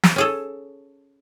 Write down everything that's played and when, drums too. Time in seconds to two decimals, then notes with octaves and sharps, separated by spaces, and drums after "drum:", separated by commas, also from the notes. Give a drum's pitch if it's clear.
0.03 drum: snare
0.16 C#4 G#4 A4